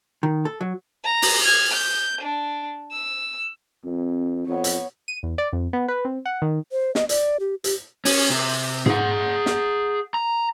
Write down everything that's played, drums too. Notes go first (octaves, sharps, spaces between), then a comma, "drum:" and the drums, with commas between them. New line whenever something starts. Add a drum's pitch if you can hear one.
D#3
A4
F#3
A#5
drum: open hi-hat
F6 G#6
G6
D4
E6
F2 C4
F2 B3 C#5
drum: hi-hat
D#7
E2
D5
F2
B3
B4
C4
F#5
D#3
C5
D#5, drum: snare
D5, drum: hi-hat
G4
G4, drum: hi-hat
C#4, drum: open hi-hat
C3
G#4 F#5, drum: tom G#2
drum: snare
A#5